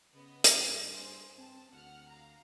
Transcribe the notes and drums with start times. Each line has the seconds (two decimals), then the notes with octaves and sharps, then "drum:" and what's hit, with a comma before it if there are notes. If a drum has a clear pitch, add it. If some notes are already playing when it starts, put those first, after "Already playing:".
0.14 C#3 B3 D#5
0.44 G2, drum: hi-hat
0.93 G#4 C5
1.38 C4 A5
1.73 D2 F#5 F6
2.09 F5 A#5